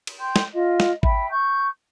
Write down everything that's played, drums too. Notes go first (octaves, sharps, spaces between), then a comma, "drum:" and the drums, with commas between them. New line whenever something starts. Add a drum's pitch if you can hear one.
drum: cymbal
G5 C6 G6
drum: snare
F4 D#5
drum: snare
E5 G5 B5, drum: kick G#1
C#6 G6